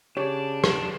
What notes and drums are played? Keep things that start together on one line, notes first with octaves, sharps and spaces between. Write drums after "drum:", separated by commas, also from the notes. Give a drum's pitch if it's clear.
C#3 D4 G4 C#5 D5 A5
drum: rim click